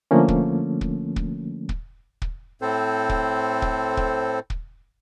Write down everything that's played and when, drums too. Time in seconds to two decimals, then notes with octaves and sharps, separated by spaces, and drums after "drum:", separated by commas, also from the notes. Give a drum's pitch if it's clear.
0.11 D3 F3 A3 A#3 C#4
0.28 drum: kick
0.81 drum: kick
1.16 drum: kick
1.69 drum: kick
2.22 drum: kick
2.62 A2 C4 A4 C5
3.09 drum: kick
3.62 drum: kick
3.97 drum: kick
4.50 drum: kick